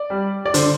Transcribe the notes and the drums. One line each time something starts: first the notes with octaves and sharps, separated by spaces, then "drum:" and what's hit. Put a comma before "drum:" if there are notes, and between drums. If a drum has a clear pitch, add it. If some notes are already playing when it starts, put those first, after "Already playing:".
Already playing: D5
G3
D5
D3 C5, drum: hi-hat